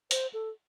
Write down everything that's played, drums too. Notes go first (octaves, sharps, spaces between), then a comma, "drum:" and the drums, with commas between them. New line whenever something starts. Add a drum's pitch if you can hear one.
C5, drum: hi-hat
A4